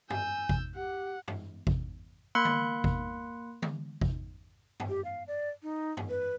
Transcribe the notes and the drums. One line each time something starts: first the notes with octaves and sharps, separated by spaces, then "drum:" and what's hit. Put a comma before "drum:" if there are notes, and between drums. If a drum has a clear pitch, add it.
G#5 E6 G6, drum: tom F#2
drum: kick
G4 F#5
drum: tom F#2
drum: kick
A#3 B5 C6 F#6 C#7
drum: tom D3
drum: kick
drum: tom D3
drum: kick
drum: tom F#2
G4
F5
D5
D#4
drum: tom F#2
B4